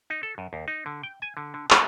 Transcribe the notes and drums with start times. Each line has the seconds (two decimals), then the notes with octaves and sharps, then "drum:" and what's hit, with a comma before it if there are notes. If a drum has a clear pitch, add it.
0.10 D#4
0.23 A4
0.38 F#2
0.53 D#2
0.68 D#4
0.86 D3
1.03 G5
1.22 G#5
1.37 D3
1.54 D3
1.71 B3, drum: clap